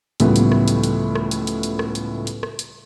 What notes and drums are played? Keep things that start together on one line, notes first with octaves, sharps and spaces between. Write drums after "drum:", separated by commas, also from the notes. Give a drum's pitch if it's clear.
C#2 A2 E3 F3 G3 B3, drum: hi-hat
drum: hi-hat
drum: rim click
drum: hi-hat
drum: hi-hat
drum: rim click
drum: hi-hat
drum: hi-hat
drum: hi-hat
drum: rim click
drum: hi-hat
drum: hi-hat
drum: rim click
drum: hi-hat